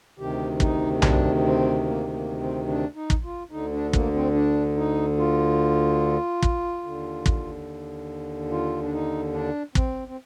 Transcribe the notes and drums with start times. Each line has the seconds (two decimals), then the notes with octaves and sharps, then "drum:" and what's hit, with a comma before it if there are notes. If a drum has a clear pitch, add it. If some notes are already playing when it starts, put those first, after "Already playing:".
0.19 D2 C3 D#3 G4
0.60 D#4, drum: kick
1.02 D4, drum: tom B1
1.43 C4
1.85 A#3
2.13 A#3
2.41 C4
2.68 D4
2.95 D#4
3.10 drum: kick
3.24 F4
3.51 D2 D3 D#4
3.72 D4
3.93 A#3, drum: kick
4.14 C4
4.34 D4
4.76 D#4
5.18 F4
6.42 drum: kick
6.84 D#2 D3
7.26 drum: kick
8.50 F4
8.83 D4
8.92 D#4
9.34 D4
9.75 C4, drum: kick
10.08 C4